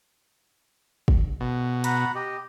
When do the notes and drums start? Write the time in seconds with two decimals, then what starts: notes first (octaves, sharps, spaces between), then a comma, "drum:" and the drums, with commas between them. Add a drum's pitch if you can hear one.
1.08 drum: kick
1.41 B2
1.84 F#5 A#5 B5, drum: hi-hat
2.15 G4 D#5